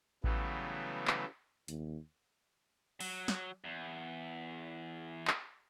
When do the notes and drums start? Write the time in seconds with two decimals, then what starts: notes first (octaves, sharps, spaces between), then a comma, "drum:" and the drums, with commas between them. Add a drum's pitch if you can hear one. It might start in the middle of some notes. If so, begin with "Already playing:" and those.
0.24 C#3 E3 F#3 G3 A3 B3, drum: kick A1
1.07 drum: clap
1.68 D#2, drum: hi-hat
3.01 F#3, drum: open hi-hat
3.28 drum: snare
3.64 E2
5.27 drum: clap